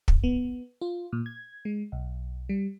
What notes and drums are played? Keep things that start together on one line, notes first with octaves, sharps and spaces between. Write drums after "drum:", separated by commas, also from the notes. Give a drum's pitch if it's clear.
drum: kick
B3
F4
A#2
G#6
G#3
B1
G3